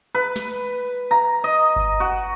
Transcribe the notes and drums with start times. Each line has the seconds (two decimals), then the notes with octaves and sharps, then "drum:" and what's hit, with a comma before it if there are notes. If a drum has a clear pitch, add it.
0.15 B4
0.36 drum: snare
1.11 A#5
1.44 D#5
1.76 drum: kick G1
2.00 F#4